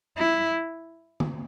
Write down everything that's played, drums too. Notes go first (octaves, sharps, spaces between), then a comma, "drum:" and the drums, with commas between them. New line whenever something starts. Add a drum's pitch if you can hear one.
E4
drum: tom D3